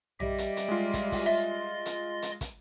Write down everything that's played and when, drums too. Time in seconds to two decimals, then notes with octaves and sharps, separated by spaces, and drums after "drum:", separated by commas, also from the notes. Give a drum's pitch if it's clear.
0.20 G3 G4 D#5 E5, drum: tom A#1
0.38 drum: hi-hat
0.57 drum: hi-hat
0.68 G#3 F4
0.94 drum: kick, hi-hat
1.12 drum: kick, open hi-hat
1.26 D#5 E5 C6 A6
1.86 drum: hi-hat
2.22 drum: hi-hat
2.41 drum: kick, hi-hat